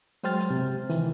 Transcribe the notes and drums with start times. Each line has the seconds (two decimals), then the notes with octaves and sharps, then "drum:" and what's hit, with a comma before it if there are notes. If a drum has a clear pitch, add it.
0.23 F#3 G#3 C5 G5 F6 A6, drum: hi-hat
0.39 drum: hi-hat
0.51 C3
0.90 D#3 E3, drum: hi-hat